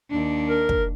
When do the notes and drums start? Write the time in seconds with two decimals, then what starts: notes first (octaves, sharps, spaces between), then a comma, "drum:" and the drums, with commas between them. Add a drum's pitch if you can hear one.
0.10 D#2 D4
0.49 A#4
0.69 drum: kick